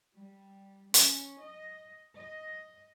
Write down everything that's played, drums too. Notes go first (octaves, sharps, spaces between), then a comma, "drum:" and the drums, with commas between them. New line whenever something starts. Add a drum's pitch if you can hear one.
G3
C#4, drum: hi-hat
D#5
D#5